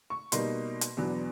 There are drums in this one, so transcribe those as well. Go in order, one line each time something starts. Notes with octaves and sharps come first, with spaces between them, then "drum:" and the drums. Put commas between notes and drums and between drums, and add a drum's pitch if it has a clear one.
C#6
B2 G3 A#3 D#4 C6, drum: hi-hat
drum: hi-hat
E2 B2 F#3 B3 D4